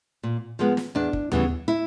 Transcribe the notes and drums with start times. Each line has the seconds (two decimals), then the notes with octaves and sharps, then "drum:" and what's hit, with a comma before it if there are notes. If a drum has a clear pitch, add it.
0.23 A#2
0.59 F3 G#3 B3
0.77 drum: snare
0.95 E2 D4
1.13 drum: kick
1.32 C#3 E3 G3 B3, drum: tom D#2
1.68 E4